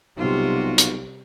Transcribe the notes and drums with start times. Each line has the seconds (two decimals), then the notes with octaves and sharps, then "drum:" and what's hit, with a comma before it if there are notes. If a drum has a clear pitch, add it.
0.18 B1 C3 G3 F4 F#4
0.78 drum: hi-hat